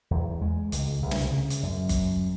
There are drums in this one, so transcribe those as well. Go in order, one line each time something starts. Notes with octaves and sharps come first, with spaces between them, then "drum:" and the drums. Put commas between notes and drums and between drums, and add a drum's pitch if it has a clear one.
E2
G#3
C#2, drum: hi-hat
C2
drum: snare
C#3
drum: hi-hat
F#2
drum: kick G1, hi-hat